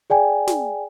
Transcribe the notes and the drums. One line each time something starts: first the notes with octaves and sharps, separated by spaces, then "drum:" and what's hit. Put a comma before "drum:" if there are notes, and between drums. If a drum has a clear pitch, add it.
G#4 D5 G5 G#5
drum: snare